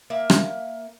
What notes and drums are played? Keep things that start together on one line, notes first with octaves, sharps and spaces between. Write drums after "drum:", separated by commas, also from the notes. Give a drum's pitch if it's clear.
A#3 E5
drum: rim click